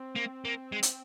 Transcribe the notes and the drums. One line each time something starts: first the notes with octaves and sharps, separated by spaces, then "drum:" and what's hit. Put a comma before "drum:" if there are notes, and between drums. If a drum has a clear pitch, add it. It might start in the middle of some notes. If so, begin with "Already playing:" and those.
Already playing: C4
A#3
A#3
G#3
drum: hi-hat